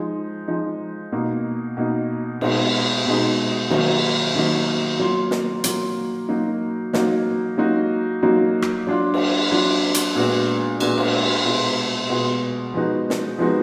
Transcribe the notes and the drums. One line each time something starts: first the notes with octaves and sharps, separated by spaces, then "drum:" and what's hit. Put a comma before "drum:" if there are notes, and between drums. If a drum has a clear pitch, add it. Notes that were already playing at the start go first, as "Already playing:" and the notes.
Already playing: F3 G#3 D#4
F3 G#3 D#4
B2 A#3 D#4
B2 A#3 D#4
B2 G#3 D#4, drum: cymbal
B2 G#3 D#4
D#3 F#3 A#3 D#4, drum: cymbal
D#3 F#3 A#3 D#4
F#3 A#3 F4
drum: snare
F#3 A#3 F4, drum: hi-hat
F#3 A#3 D#4 F#4
F#3 A#3 D#4 F#4, drum: snare
F#3 A#3 D#4 F#4
F#3 A#3 D#4 F#4
drum: rim click
F#3 D4 F4
drum: cymbal
F#3 D4 F4
drum: hi-hat
A#2 G#3 B3 D4 F#4
A#2 G#3 B3 D4 F#4, drum: cymbal
drum: cymbal
B2 G#3 B3 F4
B2 G#3 B3 F4
F3 G#3 B3 D#4 F#4
drum: snare
F3 G#3 B3 D#4 F#4